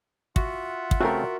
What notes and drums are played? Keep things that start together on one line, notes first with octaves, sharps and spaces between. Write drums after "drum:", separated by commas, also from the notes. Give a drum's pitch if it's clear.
F4 F#4 E5 F#5, drum: kick
drum: kick
C#3 A3 C4 F#4 A#4